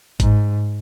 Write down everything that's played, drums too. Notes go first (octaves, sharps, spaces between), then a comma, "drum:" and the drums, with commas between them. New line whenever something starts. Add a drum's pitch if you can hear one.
G#2, drum: kick G1, hi-hat